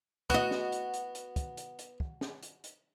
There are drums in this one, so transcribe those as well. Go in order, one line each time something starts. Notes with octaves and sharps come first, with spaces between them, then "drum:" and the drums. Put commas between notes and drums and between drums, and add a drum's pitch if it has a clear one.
B3 F#4 D#5, drum: kick, hi-hat
drum: snare
drum: hi-hat
drum: hi-hat
drum: hi-hat
drum: kick, hi-hat
drum: hi-hat
drum: hi-hat
drum: kick
drum: snare
drum: hi-hat
drum: hi-hat